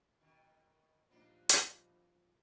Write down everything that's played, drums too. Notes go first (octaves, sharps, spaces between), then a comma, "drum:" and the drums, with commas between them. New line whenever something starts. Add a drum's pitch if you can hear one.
B2 D#3
A#2 F3 G3 A#3 B3 D4 D#4
drum: hi-hat